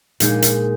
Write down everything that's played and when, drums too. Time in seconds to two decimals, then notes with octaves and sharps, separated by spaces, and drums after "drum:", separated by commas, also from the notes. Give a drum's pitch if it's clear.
0.20 A#2 G#3 D#4, drum: hi-hat
0.42 drum: hi-hat